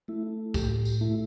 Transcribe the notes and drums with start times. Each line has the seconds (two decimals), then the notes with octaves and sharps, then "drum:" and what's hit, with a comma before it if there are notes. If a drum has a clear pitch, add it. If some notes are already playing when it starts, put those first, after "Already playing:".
0.08 A3 E4
0.54 A2 G4, drum: kick, tambourine
0.85 drum: tambourine
1.01 A3 E4